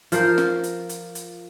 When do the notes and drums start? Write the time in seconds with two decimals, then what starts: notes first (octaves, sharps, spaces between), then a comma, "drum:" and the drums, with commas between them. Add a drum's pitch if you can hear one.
0.12 F3 F4 A#4 C5, drum: hi-hat
0.38 drum: snare
0.64 drum: hi-hat
0.89 drum: hi-hat
1.15 drum: hi-hat